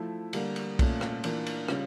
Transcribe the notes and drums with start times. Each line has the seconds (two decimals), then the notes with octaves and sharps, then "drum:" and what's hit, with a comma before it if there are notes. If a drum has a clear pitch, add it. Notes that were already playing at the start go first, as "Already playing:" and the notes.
Already playing: F3 A3 E4
0.33 D3 G3 A#3, drum: cymbal
0.56 drum: cymbal
0.79 A#2 A3 C#4 F4, drum: kick B1, cymbal
1.01 drum: rim click
1.24 E3 A#3 D4 F4, drum: cymbal
1.46 drum: cymbal
1.68 C#3 G3 C#4 F4, drum: rim click